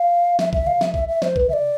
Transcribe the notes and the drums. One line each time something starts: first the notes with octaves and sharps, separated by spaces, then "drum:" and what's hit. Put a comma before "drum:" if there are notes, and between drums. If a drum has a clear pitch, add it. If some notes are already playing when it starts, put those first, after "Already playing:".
Already playing: F5
E5, drum: snare
E5, drum: kick A#1
F5, drum: tom C3
E5, drum: snare
E5, drum: kick A#1
E5
C5, drum: snare
B4, drum: kick A#1
E5, drum: tom C3
D5